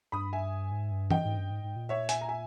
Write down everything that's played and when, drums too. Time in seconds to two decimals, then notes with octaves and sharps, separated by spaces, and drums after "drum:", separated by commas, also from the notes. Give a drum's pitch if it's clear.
0.12 G2 B5 D#6
0.33 E5 G#5
0.72 G#2
0.91 G2
1.11 D#5 G5, drum: tom E3
1.25 G#2
1.37 G2
1.50 G#2
1.64 G#2
1.76 A#2
1.89 C#5 E5
2.09 E5 G#5, drum: hi-hat
2.21 A#5
2.29 E5 G#5